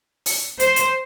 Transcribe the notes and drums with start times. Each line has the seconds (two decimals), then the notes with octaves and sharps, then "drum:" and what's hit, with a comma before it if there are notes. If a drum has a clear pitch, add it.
0.26 drum: open hi-hat
0.60 C5, drum: hi-hat
0.76 drum: hi-hat